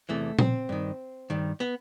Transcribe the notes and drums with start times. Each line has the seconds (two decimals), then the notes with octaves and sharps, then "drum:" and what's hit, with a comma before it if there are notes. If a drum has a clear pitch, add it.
0.09 E2 C3 E3 A3
0.39 C4, drum: tom A#2
0.69 G2 D#3
1.30 G2 D#3
1.60 B3